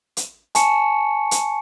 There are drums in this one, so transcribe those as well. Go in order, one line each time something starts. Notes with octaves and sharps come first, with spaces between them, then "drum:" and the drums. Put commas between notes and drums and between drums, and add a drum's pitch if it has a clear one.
drum: hi-hat
G#5 A5 C#6 C#7, drum: hi-hat
drum: hi-hat